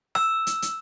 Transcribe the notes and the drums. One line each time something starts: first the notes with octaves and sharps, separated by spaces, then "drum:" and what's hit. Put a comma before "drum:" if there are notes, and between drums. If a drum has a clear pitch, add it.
E6, drum: rim click
drum: hi-hat
drum: hi-hat